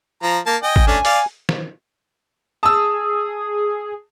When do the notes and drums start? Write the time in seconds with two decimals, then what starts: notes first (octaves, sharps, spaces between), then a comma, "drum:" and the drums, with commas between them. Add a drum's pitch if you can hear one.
0.23 F3 A#5
0.46 A#3 A5
0.63 D#5 G5 G#5
0.76 drum: kick G#1
0.87 A3 C#4 D4
1.05 D5 F5, drum: open hi-hat
1.49 drum: snare
2.63 G#4 A5 D#6 E6